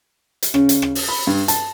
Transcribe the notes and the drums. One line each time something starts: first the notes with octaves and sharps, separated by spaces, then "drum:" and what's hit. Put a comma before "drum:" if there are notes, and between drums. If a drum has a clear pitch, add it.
drum: hi-hat
C#3, drum: rim click
drum: hi-hat
drum: rim click
drum: open hi-hat
B5
G2
A5, drum: hi-hat